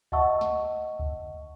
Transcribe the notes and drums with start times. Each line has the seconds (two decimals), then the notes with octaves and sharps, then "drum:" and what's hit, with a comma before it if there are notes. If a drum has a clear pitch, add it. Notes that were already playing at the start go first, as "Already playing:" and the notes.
0.12 D#5 E5 F#5 A5 C#6 E6, drum: kick D2
0.41 drum: snare
0.99 drum: kick D2